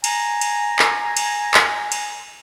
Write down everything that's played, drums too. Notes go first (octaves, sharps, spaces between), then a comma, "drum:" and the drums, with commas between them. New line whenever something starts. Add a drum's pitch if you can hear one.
G#5 A#5, drum: cymbal
drum: cymbal
drum: clap
drum: cymbal
drum: clap
drum: cymbal